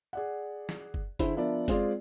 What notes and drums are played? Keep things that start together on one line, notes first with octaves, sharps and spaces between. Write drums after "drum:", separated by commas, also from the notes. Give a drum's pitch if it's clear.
G#4 D5 F#5
drum: snare
drum: kick F#1
D3 E4 G#4 C5, drum: kick F#1, hi-hat
F3 B3 D4 A#4 D5 E5
G#3 C4 F4 G#4 C5 D5, drum: kick F#1, hi-hat